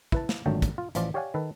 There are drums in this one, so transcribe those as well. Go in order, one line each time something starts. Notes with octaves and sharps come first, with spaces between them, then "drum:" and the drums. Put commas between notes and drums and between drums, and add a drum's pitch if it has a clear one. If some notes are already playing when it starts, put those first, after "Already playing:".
E4 B4 A5, drum: kick
drum: snare
G#1 A#2 D3 F#3 A3 G5
drum: kick, hi-hat
F4
A1 E3 F3 F4 D5, drum: hi-hat
G4 C#5 D5 F5 F#5 G#5
D#3 A4 B4